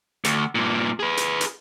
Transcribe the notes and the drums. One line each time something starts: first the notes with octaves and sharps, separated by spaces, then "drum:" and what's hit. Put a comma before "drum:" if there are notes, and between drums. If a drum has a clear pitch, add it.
D2, drum: hi-hat
G2 A#2
G#4 B4
drum: hi-hat
drum: hi-hat